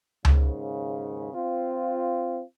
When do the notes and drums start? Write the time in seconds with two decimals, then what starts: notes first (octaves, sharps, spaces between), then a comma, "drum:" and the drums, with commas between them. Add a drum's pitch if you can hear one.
0.25 D#2 G#2 C#3, drum: tom C#2
1.33 C4 F4